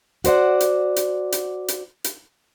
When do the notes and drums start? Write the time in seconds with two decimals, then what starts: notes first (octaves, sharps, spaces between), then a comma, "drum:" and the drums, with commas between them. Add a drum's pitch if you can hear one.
0.24 F#4 C5 D5 F#5, drum: hi-hat
0.60 drum: hi-hat
0.96 drum: hi-hat
1.32 drum: hi-hat
1.68 drum: hi-hat
2.04 drum: hi-hat